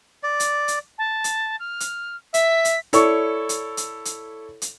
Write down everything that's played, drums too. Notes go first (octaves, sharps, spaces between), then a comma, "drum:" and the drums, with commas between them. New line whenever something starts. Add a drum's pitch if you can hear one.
D5
drum: hi-hat
drum: hi-hat
A5
drum: hi-hat
F6
drum: hi-hat
E5 B6, drum: hi-hat
drum: hi-hat
E4 A4 C#5 D5 C#6, drum: hi-hat
drum: hi-hat
drum: hi-hat
drum: hi-hat
drum: hi-hat